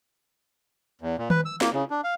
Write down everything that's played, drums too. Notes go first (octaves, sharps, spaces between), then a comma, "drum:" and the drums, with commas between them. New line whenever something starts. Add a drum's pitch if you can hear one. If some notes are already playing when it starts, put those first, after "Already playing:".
E2
A#2
B4, drum: tom D#3
E6
A#3, drum: snare
C#3
D4
F5